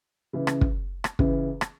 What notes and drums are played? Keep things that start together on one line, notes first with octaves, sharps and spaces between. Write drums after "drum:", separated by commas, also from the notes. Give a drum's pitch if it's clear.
C#2 C#3 E3
drum: rim click
drum: kick
drum: rim click
C#2 C#3 E3, drum: kick
drum: rim click